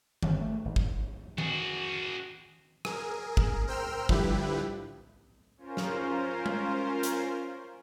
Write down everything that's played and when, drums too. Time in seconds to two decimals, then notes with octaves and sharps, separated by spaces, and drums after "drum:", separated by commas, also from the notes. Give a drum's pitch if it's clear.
0.23 G1, drum: tom D#3
0.41 A3
0.65 G#1
0.76 drum: kick
1.38 F#4 G#4, drum: tom D#3
2.85 G#4 A#4, drum: rim click
3.37 drum: kick
3.68 A#4 C5 G5 E6 F6
4.09 D3 F3 G3 E4 G4 B4, drum: kick
5.57 C#4 F4 A#4 C5
5.77 drum: snare
6.46 drum: tom G#3
7.03 drum: hi-hat